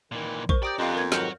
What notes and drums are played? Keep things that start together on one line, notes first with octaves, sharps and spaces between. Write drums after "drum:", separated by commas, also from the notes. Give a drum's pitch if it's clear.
A#2 D#3 E3
A#4 C5 C#6, drum: kick A#1
G4 D5 G5 A#5 D#6 G6
F2 B3 D4 D#5 F5
A#4 G#6
G#2 D#3 F#3 F#4 C#5 F6 G6, drum: snare